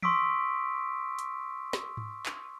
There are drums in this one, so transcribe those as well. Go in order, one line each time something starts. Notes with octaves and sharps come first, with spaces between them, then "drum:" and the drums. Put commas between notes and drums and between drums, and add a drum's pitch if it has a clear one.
C6 C#6 D#6 E6 B6 D7, drum: tom E3
drum: hi-hat
drum: snare
drum: tom G#2
drum: clap